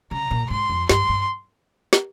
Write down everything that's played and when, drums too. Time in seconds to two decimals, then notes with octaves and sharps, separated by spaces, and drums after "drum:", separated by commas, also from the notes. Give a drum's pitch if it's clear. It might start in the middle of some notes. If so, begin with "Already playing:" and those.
0.11 C#3 A#5
0.31 A#2
0.50 G#2 C6
0.69 F2
0.89 G2 C6, drum: snare
1.09 G2
1.93 drum: snare